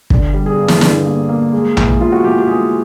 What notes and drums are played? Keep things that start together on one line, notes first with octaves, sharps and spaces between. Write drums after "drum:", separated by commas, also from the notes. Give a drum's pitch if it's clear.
D3, drum: kick
G3
G#4
G2
drum: snare
D3, drum: snare
A#3
A#3
G#3
E3, drum: tom A#1
E3 F4
F#4
E3 G4
G4
G#3 G#4